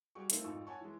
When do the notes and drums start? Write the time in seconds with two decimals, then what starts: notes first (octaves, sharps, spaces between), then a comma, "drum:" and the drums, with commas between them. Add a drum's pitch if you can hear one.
0.15 G3 F#4 G#4 C#6
0.30 A3 A#3 C4 D#4 E4, drum: hi-hat
0.44 G#1 F2 D#4 F4 C#6 E6
0.67 C#5 F#5 G#5 A5 C#6
0.81 E3 G#3